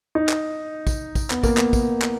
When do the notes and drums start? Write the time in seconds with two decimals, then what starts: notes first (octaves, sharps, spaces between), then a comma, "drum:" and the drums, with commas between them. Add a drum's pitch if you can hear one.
0.15 D#4
0.29 drum: clap
0.87 drum: kick, tambourine
1.15 drum: kick, tambourine
1.30 B3, drum: clap
1.43 A#3, drum: kick, tambourine
1.57 B3, drum: clap
1.73 drum: kick, tambourine
2.02 drum: clap